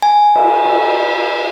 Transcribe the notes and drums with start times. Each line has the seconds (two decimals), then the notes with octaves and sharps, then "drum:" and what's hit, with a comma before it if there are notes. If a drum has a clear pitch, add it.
0.02 G#5
0.36 drum: cymbal
0.65 drum: cymbal